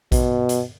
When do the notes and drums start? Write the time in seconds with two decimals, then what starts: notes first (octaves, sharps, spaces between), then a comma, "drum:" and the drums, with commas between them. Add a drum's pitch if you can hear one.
0.12 B2, drum: kick A#1, hi-hat
0.49 drum: hi-hat